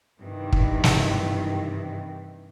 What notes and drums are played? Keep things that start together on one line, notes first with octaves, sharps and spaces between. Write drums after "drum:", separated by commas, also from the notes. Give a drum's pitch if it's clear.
G2 C3 D#3 E3
drum: kick
drum: snare